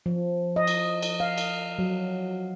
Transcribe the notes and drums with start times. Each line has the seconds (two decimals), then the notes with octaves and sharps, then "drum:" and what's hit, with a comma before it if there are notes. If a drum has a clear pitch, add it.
0.06 F3
0.56 D#5
0.67 drum: cymbal
1.02 drum: cymbal
1.20 F5
1.38 drum: cymbal
1.79 F#3